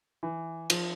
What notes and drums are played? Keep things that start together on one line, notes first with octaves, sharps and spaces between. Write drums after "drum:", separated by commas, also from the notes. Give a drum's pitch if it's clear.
E3
F3, drum: cymbal